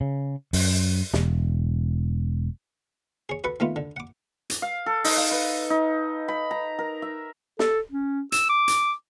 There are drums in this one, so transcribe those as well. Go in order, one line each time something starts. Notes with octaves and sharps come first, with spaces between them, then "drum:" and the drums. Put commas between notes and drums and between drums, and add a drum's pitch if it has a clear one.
C#3
F#2, drum: open hi-hat
E1, drum: snare
G#4 C#5
F#4 A4 B4 F#5
D#3 A3 B3 F4
D3
F#5 D6
drum: hi-hat
F5
A4
D#4, drum: open hi-hat
F5
B4
D#4
B5
A#5
A#4
E5
A4, drum: snare
C#4
E6, drum: hi-hat
D6
drum: hi-hat